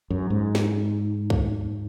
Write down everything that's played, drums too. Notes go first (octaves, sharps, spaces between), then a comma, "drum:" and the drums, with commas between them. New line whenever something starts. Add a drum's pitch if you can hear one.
F#2
G#2
drum: snare
drum: kick